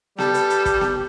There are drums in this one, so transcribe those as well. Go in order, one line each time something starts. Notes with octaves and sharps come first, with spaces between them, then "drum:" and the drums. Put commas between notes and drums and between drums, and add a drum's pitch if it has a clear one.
G3 G4 A4 B4, drum: snare B3
drum: hi-hat
drum: hi-hat
drum: kick, hi-hat
drum: snare B3